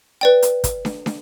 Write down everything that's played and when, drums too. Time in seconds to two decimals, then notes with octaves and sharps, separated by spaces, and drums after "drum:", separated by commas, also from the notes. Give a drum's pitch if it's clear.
0.21 B4 D5 G5
0.42 drum: hi-hat
0.64 drum: kick, hi-hat
0.85 drum: snare
1.06 drum: snare